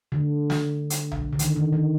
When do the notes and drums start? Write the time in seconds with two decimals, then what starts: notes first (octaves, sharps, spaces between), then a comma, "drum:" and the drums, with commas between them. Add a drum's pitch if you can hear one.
0.12 D3
0.50 drum: snare
0.90 drum: hi-hat
1.11 drum: tom B1
1.33 D3
1.39 D#3, drum: hi-hat
1.56 D#3
1.73 D#3